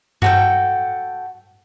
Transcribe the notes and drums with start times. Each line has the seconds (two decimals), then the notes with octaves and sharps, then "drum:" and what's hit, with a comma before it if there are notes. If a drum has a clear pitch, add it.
0.22 F#4 A4 G5, drum: tom G2